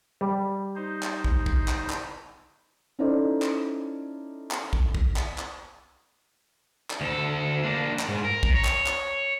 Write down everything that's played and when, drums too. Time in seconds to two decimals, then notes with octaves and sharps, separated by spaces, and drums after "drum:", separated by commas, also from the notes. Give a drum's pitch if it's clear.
0.21 G3
0.76 D#4 C5
1.03 drum: clap
1.24 drum: kick
1.46 drum: kick
1.68 drum: clap
1.90 drum: clap
2.99 C#4 D#4 E4 A4 C5 D5
3.42 drum: clap
4.51 drum: clap
4.73 drum: kick
4.95 drum: kick
5.16 drum: clap
5.38 drum: clap
6.90 drum: clap
7.01 D2 A4
7.63 A#3 D4
7.99 drum: clap
8.08 G#2
8.24 A#4
8.43 drum: kick
8.54 C#5
8.65 drum: clap
8.86 drum: clap